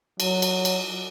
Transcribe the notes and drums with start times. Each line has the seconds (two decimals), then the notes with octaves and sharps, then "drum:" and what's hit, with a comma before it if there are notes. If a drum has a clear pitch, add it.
0.20 F#3, drum: cymbal
0.42 drum: cymbal
0.65 drum: cymbal